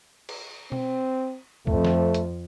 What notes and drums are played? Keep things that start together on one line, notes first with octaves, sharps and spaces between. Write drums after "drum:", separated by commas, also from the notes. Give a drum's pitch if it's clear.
drum: cymbal
C4, drum: tom B2
F2 A3, drum: kick C2
drum: snare
drum: hi-hat